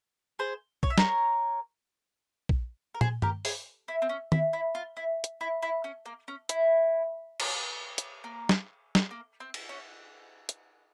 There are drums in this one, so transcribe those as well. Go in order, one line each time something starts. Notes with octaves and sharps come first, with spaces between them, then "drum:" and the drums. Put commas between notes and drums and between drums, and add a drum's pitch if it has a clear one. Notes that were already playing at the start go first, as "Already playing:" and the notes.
G#4 C5
C#5, drum: kick A#1
E5
A#4 C#5, drum: snare
drum: kick A#1
A#4
G#4 C5, drum: tom
G4 A#4, drum: tom G2
G#4, drum: open hi-hat
E4
C4
C#4
E4, drum: tom D#3
E4
F4
E4
drum: hi-hat
E4
E4
C#4
A#3
C#4
E4, drum: hi-hat
drum: cymbal
drum: hi-hat
A#3
drum: snare
drum: snare
A#3
C4
drum: cymbal
C#4
drum: hi-hat